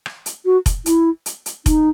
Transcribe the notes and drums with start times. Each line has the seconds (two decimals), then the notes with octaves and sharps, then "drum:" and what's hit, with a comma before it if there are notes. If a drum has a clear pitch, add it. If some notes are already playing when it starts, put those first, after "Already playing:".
0.06 drum: rim click
0.26 drum: hi-hat
0.46 F#4
0.66 drum: kick F1, hi-hat
0.86 E4, drum: hi-hat
1.26 drum: hi-hat
1.46 drum: hi-hat
1.66 D#4, drum: kick F1, hi-hat